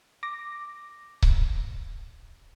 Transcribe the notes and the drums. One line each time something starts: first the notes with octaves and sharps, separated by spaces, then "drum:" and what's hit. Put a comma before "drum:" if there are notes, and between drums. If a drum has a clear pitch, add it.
D6 A#6
drum: kick C#1